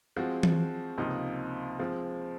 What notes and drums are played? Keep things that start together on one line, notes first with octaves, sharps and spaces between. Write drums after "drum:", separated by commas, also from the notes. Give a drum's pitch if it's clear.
F3 G#3 C4 F#4
drum: tom E3
C#2 C3 F3 A#3 D#4
F3 G#3 C4